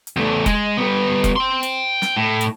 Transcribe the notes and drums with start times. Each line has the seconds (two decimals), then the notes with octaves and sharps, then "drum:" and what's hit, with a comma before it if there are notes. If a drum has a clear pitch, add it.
0.07 drum: hi-hat
0.17 E2 A3
0.46 G#3, drum: kick F1, hi-hat
0.77 G3 B3
1.24 drum: kick F1, hi-hat
1.36 G5 C6
1.63 drum: hi-hat
2.02 drum: snare
2.16 A2
2.41 drum: hi-hat